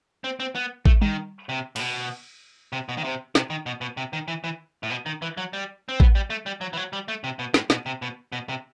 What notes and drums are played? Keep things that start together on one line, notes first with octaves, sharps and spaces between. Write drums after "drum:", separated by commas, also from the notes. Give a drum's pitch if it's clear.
C4
C4
B3
A3, drum: kick A1
D#3, drum: tom G3
C3
A2, drum: cymbal
B2
C3
B2
D#3
C3
C3, drum: snare
D#3
B2
B2
C3
D#3
E3
E3
A2
B2
D#3
E3
F#3
G3
C4
B3, drum: kick A1
G3
A3
G3
F#3
E3
F#3
G3
A3
C3
B2
A2, drum: snare
B2, drum: snare
C3
B2
B2
C3